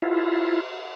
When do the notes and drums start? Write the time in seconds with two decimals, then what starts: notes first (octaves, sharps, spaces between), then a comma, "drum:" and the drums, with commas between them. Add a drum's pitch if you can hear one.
0.02 E4 F4, drum: cymbal